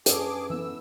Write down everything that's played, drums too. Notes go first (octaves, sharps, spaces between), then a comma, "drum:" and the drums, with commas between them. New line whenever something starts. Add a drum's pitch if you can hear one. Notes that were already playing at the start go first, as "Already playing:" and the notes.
F#2 G#4 A4 B4 D6, drum: hi-hat
E3 B3 E6